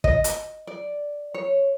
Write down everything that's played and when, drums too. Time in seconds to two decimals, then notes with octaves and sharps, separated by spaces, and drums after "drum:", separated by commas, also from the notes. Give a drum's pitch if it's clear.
0.04 D#5, drum: kick
0.24 drum: hi-hat
0.67 D5
1.34 C#5